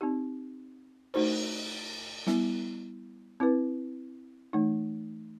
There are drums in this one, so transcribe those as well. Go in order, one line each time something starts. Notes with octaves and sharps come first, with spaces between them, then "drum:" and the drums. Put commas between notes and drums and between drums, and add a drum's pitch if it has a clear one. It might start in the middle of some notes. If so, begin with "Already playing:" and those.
C4 D#4 G4
A3 D#4 F#4 C5, drum: cymbal
G3 B3 E4, drum: snare
C4 E4 B4
E3 A3 D#4